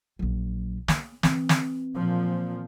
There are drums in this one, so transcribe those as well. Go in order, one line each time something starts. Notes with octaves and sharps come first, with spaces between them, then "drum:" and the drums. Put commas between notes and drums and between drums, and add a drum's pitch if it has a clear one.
A#1 F#3
A#3, drum: snare
E3 C4, drum: snare
drum: snare
A#2 F3